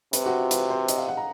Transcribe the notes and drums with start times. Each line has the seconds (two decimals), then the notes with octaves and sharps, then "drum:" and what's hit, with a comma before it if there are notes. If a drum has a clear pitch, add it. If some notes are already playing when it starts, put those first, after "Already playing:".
0.13 C3 B4, drum: hi-hat
0.26 F#4
0.38 F4
0.51 B4, drum: hi-hat
0.70 C5
0.88 D#5, drum: hi-hat
0.98 F5
1.08 F#5
1.17 A#5